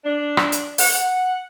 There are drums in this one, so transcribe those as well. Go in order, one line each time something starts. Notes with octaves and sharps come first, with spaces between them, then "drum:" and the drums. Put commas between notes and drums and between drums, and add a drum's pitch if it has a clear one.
D4
drum: rim click
drum: hi-hat
F#5, drum: open hi-hat